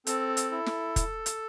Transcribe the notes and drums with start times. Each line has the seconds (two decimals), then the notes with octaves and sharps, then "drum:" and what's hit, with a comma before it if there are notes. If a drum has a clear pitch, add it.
0.07 C4 A4, drum: hi-hat
0.37 drum: hi-hat
0.51 E4
0.66 drum: snare
0.96 drum: kick, hi-hat
1.26 drum: hi-hat